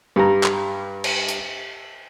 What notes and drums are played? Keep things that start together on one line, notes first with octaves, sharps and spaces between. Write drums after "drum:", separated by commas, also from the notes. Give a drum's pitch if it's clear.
G2 G3 A#5
drum: clap
drum: cymbal
drum: hi-hat